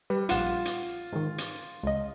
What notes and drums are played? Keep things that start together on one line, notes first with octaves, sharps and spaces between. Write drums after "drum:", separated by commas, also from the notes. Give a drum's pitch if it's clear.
G3 B4
A#1 F4 F#5 E7, drum: hi-hat
drum: hi-hat
G#2 D#3
drum: hi-hat
C#2 D#5